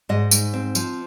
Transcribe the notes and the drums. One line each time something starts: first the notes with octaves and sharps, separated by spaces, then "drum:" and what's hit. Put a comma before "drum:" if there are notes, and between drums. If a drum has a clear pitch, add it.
G#2 D#5
G#2, drum: tambourine
C4
F3, drum: tambourine